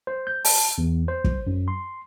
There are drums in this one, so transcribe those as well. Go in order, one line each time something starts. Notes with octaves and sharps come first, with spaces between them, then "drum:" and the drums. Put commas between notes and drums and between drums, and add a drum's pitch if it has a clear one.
C5
G6
A5, drum: open hi-hat
E2
C5
drum: kick
F#2
C6